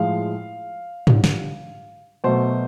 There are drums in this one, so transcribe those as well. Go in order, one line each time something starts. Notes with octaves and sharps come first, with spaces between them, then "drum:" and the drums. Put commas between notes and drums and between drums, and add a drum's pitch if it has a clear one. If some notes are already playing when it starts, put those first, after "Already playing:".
Already playing: A2 F3 G#3 F5
D3 G3, drum: tom G#2
drum: snare
B2 F#3 A3 C5